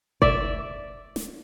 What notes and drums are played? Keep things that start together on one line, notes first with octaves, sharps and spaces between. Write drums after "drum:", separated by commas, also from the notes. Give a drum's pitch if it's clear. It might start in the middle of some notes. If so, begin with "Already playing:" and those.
D5 E5, drum: kick F#1
drum: snare